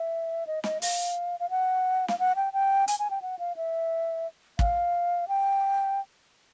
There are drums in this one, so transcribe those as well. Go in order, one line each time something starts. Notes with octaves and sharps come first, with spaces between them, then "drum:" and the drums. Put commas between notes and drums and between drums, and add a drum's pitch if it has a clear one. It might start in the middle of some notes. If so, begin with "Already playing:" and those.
Already playing: E5
D#5
D#5, drum: snare
F5, drum: open hi-hat
F5
F#5
F5, drum: snare
F#5
G5
G5
G#5, drum: hi-hat
G#5
G5
F#5
F5
E5
F5, drum: kick
G5